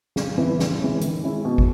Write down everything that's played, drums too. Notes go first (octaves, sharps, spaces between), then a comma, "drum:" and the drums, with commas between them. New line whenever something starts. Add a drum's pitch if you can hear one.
C#3, drum: snare
E3 B3 E4
C#3, drum: snare
E3 G#3 C#4
D#3, drum: hi-hat
G#3 C#4 E4
B2
drum: kick